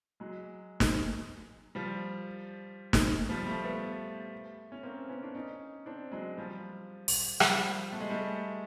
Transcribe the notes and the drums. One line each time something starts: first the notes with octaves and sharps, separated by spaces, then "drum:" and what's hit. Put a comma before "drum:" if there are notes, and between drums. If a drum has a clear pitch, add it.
F#3 G#3
drum: snare
F3 G3
drum: snare
F3 G3
G3 A3
A3 B3
C#4
A#3 C4
B3 C#4
D4
C#4 D#4
C4 D4
F#3 G#3
F3 G3
drum: open hi-hat
F3 G3, drum: rim click
A3
G#3
G3 A3